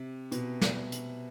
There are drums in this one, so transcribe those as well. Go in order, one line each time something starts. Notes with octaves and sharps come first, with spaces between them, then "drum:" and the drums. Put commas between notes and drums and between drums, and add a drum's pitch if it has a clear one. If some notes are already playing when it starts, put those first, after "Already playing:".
Already playing: C3
B2, drum: hi-hat
drum: snare
drum: hi-hat